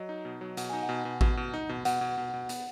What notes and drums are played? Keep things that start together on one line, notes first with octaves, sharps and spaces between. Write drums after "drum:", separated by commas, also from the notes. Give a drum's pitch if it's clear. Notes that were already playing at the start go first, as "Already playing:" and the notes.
Already playing: F#3 D#5
D#4
B2
F#3
B2 F#5, drum: hi-hat
D#4 G#5
F#5
B2
B2
B2, drum: kick A1
B2
D#4
B2
B2 F#5, drum: hi-hat
B2
B2
B2
B3, drum: hi-hat